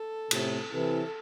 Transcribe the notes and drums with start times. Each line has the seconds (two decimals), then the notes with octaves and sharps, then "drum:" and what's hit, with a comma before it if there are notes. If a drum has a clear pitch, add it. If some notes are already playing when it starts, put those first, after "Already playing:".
Already playing: A4
0.31 A2 C3, drum: cymbal
0.72 C3 E3 A4